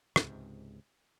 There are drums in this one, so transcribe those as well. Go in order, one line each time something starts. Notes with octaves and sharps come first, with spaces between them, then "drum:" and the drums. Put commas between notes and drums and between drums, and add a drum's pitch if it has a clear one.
C#2 G#2 C3, drum: rim click